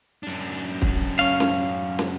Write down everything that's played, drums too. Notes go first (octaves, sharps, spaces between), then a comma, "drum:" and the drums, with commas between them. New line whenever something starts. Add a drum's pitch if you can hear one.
F#2 D4
drum: kick
C#4 F5
drum: snare
drum: snare